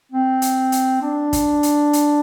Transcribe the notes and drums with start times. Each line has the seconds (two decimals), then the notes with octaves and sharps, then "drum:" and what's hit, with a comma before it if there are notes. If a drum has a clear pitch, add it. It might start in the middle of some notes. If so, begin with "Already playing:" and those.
0.12 C4
0.42 drum: hi-hat
0.72 drum: hi-hat
1.02 D4
1.33 drum: kick, hi-hat
1.63 drum: hi-hat
1.93 drum: hi-hat